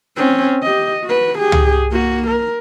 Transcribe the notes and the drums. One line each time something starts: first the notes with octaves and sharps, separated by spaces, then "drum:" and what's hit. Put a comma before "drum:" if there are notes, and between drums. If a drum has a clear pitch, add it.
C4 C#4
G4 D#5
F#4 B4
G4 G#4
drum: tom
A#3 F#4
A#4